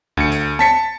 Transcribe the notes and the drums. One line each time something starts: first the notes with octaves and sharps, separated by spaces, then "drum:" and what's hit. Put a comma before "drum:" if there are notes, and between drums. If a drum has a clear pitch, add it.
D2 C#7, drum: kick C#2
drum: hi-hat
A5 B6 C#7, drum: snare